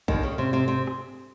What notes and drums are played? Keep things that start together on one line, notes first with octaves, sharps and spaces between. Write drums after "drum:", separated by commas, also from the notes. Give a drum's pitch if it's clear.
D#2 D#3, drum: kick A#1
C#3
C3
C3
C3
drum: rim click